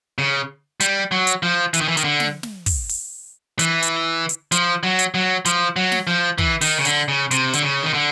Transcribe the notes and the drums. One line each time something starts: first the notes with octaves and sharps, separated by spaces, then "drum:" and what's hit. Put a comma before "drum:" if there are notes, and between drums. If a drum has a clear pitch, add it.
C#3
G3, drum: hi-hat
F#3
drum: hi-hat
F3
E3, drum: hi-hat
D#3
E3
D#3, drum: hi-hat
D3
drum: snare
drum: snare
drum: kick, open hi-hat
drum: open hi-hat
E3, drum: hi-hat
drum: hi-hat
drum: hi-hat
F3, drum: hi-hat
F#3
drum: hi-hat
F#3
F3, drum: hi-hat
F#3
drum: snare
F3
E3, drum: kick
D#3, drum: open hi-hat
C#3
D3, drum: hi-hat
C#3
C3, drum: hi-hat
D3, drum: hi-hat
C#3
D#3
D3